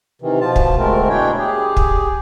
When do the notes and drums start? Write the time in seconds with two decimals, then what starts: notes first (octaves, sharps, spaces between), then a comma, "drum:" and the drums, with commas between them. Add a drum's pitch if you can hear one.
0.22 C3 D#3 E3
0.41 B2 F3 F4 A5
0.56 drum: kick
0.78 D2 G#3 A3 C4 A#4
1.09 B2 D4 E4 C#5 G5
1.38 G4 G#4
1.77 drum: kick